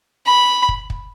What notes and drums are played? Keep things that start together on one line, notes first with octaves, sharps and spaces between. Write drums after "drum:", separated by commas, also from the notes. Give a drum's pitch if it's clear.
B5
drum: kick
drum: kick